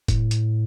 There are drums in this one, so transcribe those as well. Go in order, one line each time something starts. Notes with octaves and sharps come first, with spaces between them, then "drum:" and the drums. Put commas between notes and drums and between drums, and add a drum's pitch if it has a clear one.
A2, drum: kick F1, hi-hat
drum: hi-hat